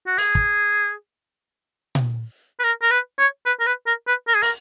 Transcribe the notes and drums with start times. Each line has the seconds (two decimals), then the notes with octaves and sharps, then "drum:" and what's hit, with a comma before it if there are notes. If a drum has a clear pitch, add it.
0.07 F#4
0.18 G#4, drum: open hi-hat
0.35 drum: kick
1.95 drum: tom A#2
2.60 B4
2.64 A#4
2.82 A#4
2.91 B4
3.19 C#5
3.46 B4
3.60 A#4
3.66 B4
3.87 A#4
4.08 B4
4.28 A#4
4.35 G#4
4.43 A#4, drum: open hi-hat